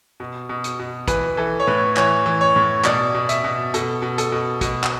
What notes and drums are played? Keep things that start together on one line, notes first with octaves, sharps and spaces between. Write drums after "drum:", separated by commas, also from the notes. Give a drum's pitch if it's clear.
B2
B2
drum: hi-hat
B2
E3 B4, drum: kick, hi-hat
E3 A4
C#5
A2 B4
E3 C#5, drum: clap
E3
C#5
A2
B2 D5, drum: clap
B2
E5, drum: hi-hat
B2
B2 A4, drum: hi-hat
B2
A4, drum: hi-hat
B2
B2, drum: kick, hi-hat
drum: clap